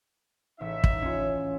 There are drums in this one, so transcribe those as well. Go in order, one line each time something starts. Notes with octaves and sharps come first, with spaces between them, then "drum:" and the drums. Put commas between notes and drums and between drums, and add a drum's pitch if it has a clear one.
A1 D#4 E5
drum: kick
C#4 F4